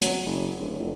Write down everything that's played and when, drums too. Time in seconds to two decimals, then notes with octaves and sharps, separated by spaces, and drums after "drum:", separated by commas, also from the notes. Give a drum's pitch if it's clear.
0.02 F#3, drum: hi-hat
0.25 F#1
0.60 D1
0.80 F1